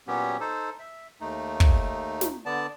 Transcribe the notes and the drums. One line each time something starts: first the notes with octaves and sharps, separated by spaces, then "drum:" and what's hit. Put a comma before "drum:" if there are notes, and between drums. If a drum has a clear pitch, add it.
A#2 F#3 B3 C#4 G4
D#4 A4 C5
E5
D#2 A3 D#4
drum: kick
drum: snare
D3 B3 D5 A5